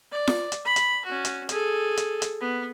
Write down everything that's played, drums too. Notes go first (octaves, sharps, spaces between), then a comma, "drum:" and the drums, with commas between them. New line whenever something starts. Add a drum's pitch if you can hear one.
D5
drum: snare F4
drum: hi-hat
B5
drum: hi-hat
C#4 F#4
drum: hi-hat
G#4 A4, drum: hi-hat
drum: hi-hat
drum: hi-hat
B3